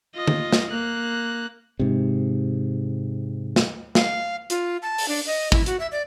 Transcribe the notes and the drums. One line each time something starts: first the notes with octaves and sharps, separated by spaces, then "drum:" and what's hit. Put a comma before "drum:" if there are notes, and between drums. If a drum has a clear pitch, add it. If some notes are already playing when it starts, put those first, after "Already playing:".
F4 D#5
drum: tom D3
drum: snare
A#3 F#6
G#2 C3
drum: snare
F5, drum: snare
F4, drum: hi-hat
A5
drum: open hi-hat
D4
D#5
E4, drum: kick
F#4, drum: hi-hat
E5
D5